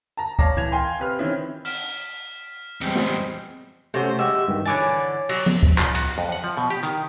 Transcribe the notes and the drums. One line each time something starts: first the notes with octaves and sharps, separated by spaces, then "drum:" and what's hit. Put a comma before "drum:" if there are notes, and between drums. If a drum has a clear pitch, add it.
A5 A#5
C#5 D5 F5 A5 D6 A#6, drum: kick
E3 G#6 F7
F5 G5 G#5 C6
C3 B4 F6
D#3 E3 C4 C#4 E4
F6 B6 E7, drum: open hi-hat
E2 G3 G#3 C4, drum: hi-hat
drum: snare
C3 A3 C#4 F#4 C5
G#3 F#4 G4 E5
G2 D#3
D3 E3 C#5 G#5 D6 A6
F#3, drum: cymbal
drum: tom F3
drum: kick
F4, drum: clap
F#4, drum: cymbal
F2
F#5
F3
B2
G4
D#3, drum: hi-hat